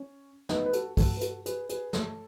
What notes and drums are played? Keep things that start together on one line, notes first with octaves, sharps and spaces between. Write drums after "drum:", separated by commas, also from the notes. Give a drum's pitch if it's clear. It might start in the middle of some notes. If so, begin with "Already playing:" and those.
Already playing: C#4
B3 D#4, drum: snare
B4
F#4 A4, drum: hi-hat
F#4 A4, drum: kick, open hi-hat
B4
F#4 A4, drum: hi-hat
G#4 B4, drum: hi-hat
G#4 B4, drum: hi-hat
A4 C#5, drum: snare